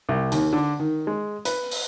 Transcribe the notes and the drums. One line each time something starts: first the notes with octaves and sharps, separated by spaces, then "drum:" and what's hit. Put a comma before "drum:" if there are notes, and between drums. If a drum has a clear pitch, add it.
C2
D#2, drum: hi-hat
D3
D#3
G#3
B4, drum: hi-hat
drum: open hi-hat